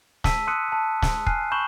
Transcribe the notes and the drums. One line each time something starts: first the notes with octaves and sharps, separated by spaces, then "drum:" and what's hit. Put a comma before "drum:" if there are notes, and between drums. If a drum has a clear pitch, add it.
A5 E6 B6 D#7, drum: snare
C6 D#6 E6 F#6 C#7 D#7
A5 E6
drum: snare
G#5 F6 F#6 C7 D#7, drum: kick
B5 C#6 G6 E7 F#7 G7